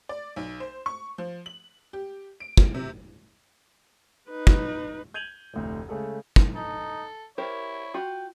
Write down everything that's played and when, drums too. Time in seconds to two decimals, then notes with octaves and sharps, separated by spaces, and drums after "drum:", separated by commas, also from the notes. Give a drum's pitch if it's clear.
0.09 D5
0.36 B1
0.60 C5
0.86 C#6
1.18 F3
1.46 F#7
1.93 G4
2.40 D7
2.57 drum: kick
2.74 C3
4.29 D#4 B4
4.47 drum: kick
5.14 G6 G#6 D#7 F7 F#7
5.53 F1 D2 A2
5.89 C#3 G#3 A3 A4
6.36 drum: kick
6.56 D#4 A4
7.38 E4 G4 A#4 C5 C#5
7.94 F4 F#4 G5